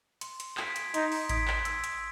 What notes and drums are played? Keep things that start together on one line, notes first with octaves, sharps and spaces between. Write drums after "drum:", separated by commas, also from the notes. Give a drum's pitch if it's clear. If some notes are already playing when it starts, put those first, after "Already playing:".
C6, drum: hi-hat
drum: hi-hat
D#6 G#6 B6 D7, drum: clap
drum: hi-hat
D#4 C6, drum: hi-hat
drum: open hi-hat
D#6 G#6 B6 D7, drum: kick A1, hi-hat
drum: clap
E6, drum: hi-hat
drum: hi-hat